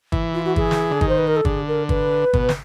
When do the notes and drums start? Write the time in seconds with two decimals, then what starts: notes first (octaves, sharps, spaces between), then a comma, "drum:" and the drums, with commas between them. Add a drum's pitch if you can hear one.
0.12 E3, drum: kick
0.34 F4
0.45 F#4
0.56 G#4, drum: kick
0.71 drum: snare
0.91 D3
1.01 D#3, drum: kick
1.09 C5
1.18 B4
1.27 A#4
1.36 A4
1.45 D3 G#4, drum: kick
1.67 A#4
1.89 B4, drum: kick
2.33 B2, drum: kick
2.49 drum: snare